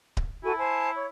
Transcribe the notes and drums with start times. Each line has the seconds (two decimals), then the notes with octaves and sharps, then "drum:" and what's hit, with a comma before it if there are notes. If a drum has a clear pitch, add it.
0.17 drum: kick D1
0.44 E4 F#4 A4 G#5
0.57 C5 G#5 A5
0.94 C#5